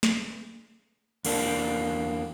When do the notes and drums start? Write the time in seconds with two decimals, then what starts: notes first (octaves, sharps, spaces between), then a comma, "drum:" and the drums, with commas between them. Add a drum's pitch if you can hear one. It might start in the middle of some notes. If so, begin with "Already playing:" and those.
0.03 drum: snare
1.25 E2 A#3 D4, drum: cymbal